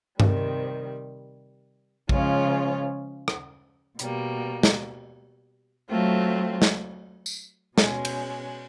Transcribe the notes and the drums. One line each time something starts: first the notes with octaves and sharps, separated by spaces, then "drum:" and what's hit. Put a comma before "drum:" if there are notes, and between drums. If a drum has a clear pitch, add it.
C3 D#3 G3, drum: tom G2
C#3 F3 G#3 C#4 F4, drum: kick A#1
drum: rim click
B2 G3 A#3, drum: hi-hat
drum: snare
F#3 A3 C4 F4
drum: snare
drum: tambourine
B2 G#3 C#4, drum: snare
drum: cymbal